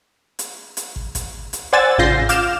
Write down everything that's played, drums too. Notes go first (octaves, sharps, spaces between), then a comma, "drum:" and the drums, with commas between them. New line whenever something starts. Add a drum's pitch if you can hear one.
drum: hi-hat
drum: hi-hat
drum: kick
drum: kick, hi-hat
drum: hi-hat
C5 D5 F#5 G#5 E6 A6
A1 C#3 F4 G6 A#6 C7
F5 D6 F6 G6 E7, drum: hi-hat